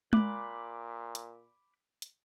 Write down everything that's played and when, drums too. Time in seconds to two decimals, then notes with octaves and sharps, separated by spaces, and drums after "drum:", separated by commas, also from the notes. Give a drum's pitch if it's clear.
0.13 A#2 B5 D6 F#6, drum: tom G#3
1.15 drum: hi-hat
2.02 drum: hi-hat